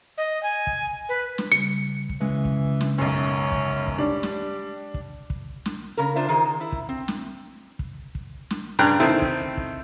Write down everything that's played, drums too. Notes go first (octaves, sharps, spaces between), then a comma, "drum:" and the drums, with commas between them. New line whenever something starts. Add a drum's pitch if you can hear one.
D#5
G#5
drum: kick
B4
drum: snare
C#3 G3 C#7
drum: kick
C#3 E3 G#3
drum: kick
drum: snare
B1 F#2 C#4
drum: kick
drum: kick
G3 D4
drum: snare
drum: kick
drum: kick
drum: snare
C#3 A#4
D4 F4 C5 D5 E5
D#3 G#4 A#4 C5
E4
drum: kick
C4
drum: snare
drum: kick
drum: kick
drum: snare
G2 C#3 D4 G5 A#5 F#6
D#3 A3 C4 E4
drum: kick
drum: kick